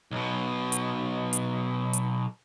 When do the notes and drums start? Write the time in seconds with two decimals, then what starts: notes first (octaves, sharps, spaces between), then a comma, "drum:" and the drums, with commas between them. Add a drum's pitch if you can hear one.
0.11 B1 B2
0.72 drum: hi-hat
1.33 drum: hi-hat
1.93 drum: hi-hat